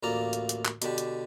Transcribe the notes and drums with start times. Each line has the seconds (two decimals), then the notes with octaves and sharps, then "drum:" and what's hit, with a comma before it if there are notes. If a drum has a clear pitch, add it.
0.03 A1 D2 A#3 F4 D5 A#5
0.33 drum: hi-hat
0.49 drum: hi-hat
0.65 drum: clap
0.82 B2 D3 D4 G4, drum: hi-hat
0.98 drum: hi-hat